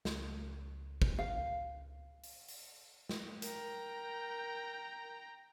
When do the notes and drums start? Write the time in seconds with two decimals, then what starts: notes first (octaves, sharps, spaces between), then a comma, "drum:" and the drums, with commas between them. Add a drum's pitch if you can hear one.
0.05 C#2, drum: snare
1.02 drum: kick
1.19 F5
2.23 drum: open hi-hat
2.48 drum: open hi-hat
3.09 drum: snare
3.42 A#4 G5 A#5, drum: hi-hat